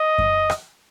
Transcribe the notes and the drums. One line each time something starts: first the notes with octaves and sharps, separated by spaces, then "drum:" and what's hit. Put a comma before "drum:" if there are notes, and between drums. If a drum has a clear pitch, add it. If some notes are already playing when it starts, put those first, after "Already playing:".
Already playing: D#5
drum: kick F#2
drum: rim click